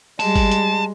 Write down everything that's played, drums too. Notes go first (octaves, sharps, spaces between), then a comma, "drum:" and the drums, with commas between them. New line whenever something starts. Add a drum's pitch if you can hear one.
G3 G#3 A5, drum: open hi-hat
drum: kick G1, open hi-hat
drum: hi-hat